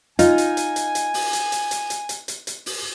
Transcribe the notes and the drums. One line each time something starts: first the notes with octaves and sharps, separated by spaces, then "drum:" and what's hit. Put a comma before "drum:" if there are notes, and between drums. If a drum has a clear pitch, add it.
D#4 F4 G#5, drum: hi-hat
drum: hi-hat
drum: hi-hat
drum: hi-hat
drum: hi-hat
drum: open hi-hat
drum: hi-hat
drum: hi-hat
drum: hi-hat
drum: hi-hat
drum: hi-hat
drum: hi-hat
drum: hi-hat
drum: open hi-hat